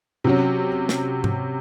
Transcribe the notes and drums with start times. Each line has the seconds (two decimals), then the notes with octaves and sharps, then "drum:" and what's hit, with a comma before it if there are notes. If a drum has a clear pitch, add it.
0.24 C3 F#3 C#4
0.89 drum: snare
1.24 drum: tom G#2